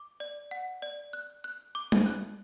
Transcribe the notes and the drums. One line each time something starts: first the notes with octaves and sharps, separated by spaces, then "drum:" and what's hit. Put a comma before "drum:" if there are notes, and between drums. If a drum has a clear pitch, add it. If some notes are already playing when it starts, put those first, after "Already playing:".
Already playing: D6
D5
F#5
D5
F#6
F#6
D6
drum: tom
F#6